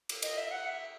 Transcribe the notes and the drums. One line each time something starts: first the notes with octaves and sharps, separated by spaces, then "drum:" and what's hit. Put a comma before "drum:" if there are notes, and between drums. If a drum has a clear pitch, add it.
drum: cymbal
D#5, drum: cymbal
E5
F#5
E5